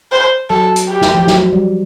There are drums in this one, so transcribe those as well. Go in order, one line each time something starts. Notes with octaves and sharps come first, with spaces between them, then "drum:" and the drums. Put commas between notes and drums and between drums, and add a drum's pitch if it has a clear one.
C5
F#3 A4
drum: hi-hat
G4
drum: snare
F3
F#3, drum: snare
G3